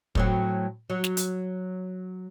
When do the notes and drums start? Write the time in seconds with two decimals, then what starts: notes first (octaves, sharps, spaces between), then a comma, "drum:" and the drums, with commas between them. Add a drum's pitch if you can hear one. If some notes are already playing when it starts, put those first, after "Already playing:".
0.15 A2 F#3 C4, drum: kick
0.90 F#3
1.04 drum: snare
1.17 drum: hi-hat